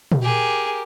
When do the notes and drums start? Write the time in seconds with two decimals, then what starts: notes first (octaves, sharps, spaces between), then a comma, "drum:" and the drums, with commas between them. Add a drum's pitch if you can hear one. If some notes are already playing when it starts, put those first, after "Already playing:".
0.12 drum: tom
0.22 G4 G#4 A#4